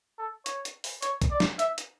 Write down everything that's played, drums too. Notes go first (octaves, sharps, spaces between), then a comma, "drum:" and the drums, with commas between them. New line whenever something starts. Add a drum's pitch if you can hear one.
A4
C#5, drum: hi-hat
drum: hi-hat
drum: open hi-hat
C#5, drum: hi-hat
drum: kick B1, hi-hat
D5
drum: snare
E5, drum: hi-hat
drum: hi-hat